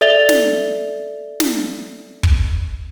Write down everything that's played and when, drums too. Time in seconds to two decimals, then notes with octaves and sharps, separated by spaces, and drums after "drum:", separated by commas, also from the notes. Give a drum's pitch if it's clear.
0.01 A4 D5 E5 A6 F7 G7
0.29 drum: snare
1.40 drum: snare
2.23 drum: kick